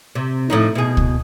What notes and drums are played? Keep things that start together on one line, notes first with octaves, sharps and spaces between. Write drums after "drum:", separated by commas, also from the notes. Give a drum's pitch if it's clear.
C3
A2 F3 D#4
B2 G#4
drum: kick